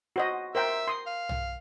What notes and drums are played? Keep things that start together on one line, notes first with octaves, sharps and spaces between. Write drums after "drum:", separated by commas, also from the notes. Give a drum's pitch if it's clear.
F#4 C5 D#5
A#4 C5 E5 G5
C6 D#6
F5
drum: tom